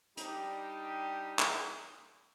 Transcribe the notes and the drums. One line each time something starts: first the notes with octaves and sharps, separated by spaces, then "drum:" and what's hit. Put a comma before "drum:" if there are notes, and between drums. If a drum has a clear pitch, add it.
G3 D4 D#4 G4, drum: hi-hat
drum: clap